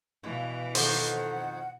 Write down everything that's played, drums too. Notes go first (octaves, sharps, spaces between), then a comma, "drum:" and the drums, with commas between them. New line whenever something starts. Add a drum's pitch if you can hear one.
G2 B2 E3
F2 D#3 A4 C5 F#5, drum: open hi-hat